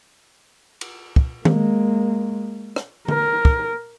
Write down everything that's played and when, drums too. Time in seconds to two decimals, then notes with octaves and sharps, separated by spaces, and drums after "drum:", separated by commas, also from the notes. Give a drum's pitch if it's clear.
0.81 drum: cymbal
1.16 drum: kick
1.45 G#3 A#3, drum: tom D#3
2.76 drum: rim click
3.08 A#4, drum: tom D3
3.45 drum: kick